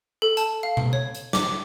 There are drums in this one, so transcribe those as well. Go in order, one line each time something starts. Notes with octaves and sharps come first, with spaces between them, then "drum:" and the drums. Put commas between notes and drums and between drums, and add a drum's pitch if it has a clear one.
A4
A5, drum: hi-hat
F5
drum: tom B2
C#5
drum: hi-hat
D6, drum: snare